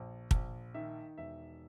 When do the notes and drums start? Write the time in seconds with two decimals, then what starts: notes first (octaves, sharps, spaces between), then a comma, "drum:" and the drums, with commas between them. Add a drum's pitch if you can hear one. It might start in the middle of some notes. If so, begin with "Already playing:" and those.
Already playing: A#1
0.31 A#1, drum: kick
0.74 D#3 E5
1.17 E1 E5